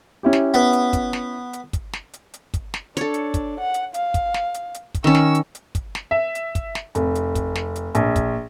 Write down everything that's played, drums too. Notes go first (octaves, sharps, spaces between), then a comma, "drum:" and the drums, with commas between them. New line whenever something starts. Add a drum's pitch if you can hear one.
C#4 E4 G4
drum: snare
B3, drum: hi-hat
drum: hi-hat
drum: kick, hi-hat
drum: snare
drum: hi-hat
drum: kick, hi-hat
drum: snare
drum: hi-hat
drum: hi-hat
drum: kick, hi-hat
drum: snare
D4 A4 C#5, drum: hi-hat
drum: hi-hat
drum: kick, hi-hat
F#5
drum: hi-hat
F5, drum: hi-hat
drum: kick, hi-hat
drum: snare
drum: hi-hat
drum: hi-hat
drum: kick, hi-hat
D#3 C#4 C#6 E6
drum: snare
drum: hi-hat
drum: hi-hat
drum: kick, hi-hat
drum: snare
E5
drum: hi-hat
drum: kick, hi-hat
drum: snare
F1, drum: hi-hat
drum: hi-hat
drum: kick, hi-hat
drum: snare
drum: hi-hat
A#1, drum: hi-hat
drum: kick, hi-hat